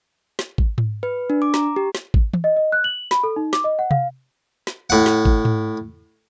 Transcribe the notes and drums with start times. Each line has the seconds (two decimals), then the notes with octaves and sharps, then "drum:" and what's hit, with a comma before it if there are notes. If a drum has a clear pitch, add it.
0.39 drum: snare
0.58 drum: kick G#1
0.78 drum: tom G#2
1.03 B4
1.30 D4
1.42 D6
1.54 A#5, drum: snare
1.76 G4
1.95 drum: snare
2.14 drum: kick G#1
2.34 drum: tom
2.44 D#5
2.57 D#5
2.72 F#6
2.84 F#7
3.11 B5, drum: snare
3.24 A4
3.36 D#4
3.53 D6, drum: snare
3.64 D#5
3.79 F#5
3.91 F5, drum: tom C3
4.67 drum: snare
4.90 A2 F#5
5.06 drum: snare
5.25 drum: kick G#1
5.45 drum: tom G#2